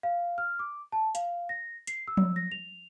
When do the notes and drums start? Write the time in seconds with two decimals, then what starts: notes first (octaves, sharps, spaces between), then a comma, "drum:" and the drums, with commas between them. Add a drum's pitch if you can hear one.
0.03 F5
0.38 F6
0.59 D6
0.92 A5
1.15 F5, drum: hi-hat
1.49 A#6
1.87 C7, drum: hi-hat
2.08 E6
2.17 drum: tom F3
2.36 A#6
2.52 F7